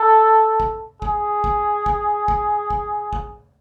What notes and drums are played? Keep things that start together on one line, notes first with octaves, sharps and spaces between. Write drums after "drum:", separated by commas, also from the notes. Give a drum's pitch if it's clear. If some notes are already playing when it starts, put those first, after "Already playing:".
Already playing: A4
drum: kick
G#4, drum: kick
drum: kick
drum: kick
drum: kick
drum: kick
drum: kick